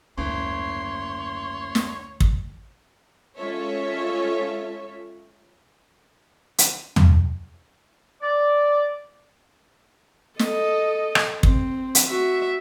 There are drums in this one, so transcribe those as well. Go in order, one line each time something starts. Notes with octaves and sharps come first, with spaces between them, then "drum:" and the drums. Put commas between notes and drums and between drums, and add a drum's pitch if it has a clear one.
F#1 D2 G#2 C#5 C6
drum: snare
drum: kick
G#3 C#4 F4 A4 C#5 E5
drum: hi-hat
drum: tom
D5
A4 D#5, drum: snare
drum: rim click
C4, drum: kick
drum: hi-hat
F#4 E5